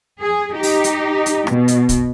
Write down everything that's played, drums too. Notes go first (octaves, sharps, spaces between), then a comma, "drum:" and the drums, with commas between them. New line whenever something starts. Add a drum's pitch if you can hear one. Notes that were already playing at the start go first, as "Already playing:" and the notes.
G#4
D#4 G4
drum: open hi-hat
drum: hi-hat
drum: hi-hat
B2, drum: rim click
drum: hi-hat
drum: kick, hi-hat